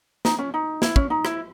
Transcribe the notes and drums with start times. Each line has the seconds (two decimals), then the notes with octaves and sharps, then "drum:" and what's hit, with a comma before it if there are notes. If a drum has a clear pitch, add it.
0.25 D#4, drum: snare
0.39 C#4
0.54 D#4
0.82 E4, drum: snare
0.96 C#4, drum: kick
1.10 D#4
1.25 E4, drum: rim click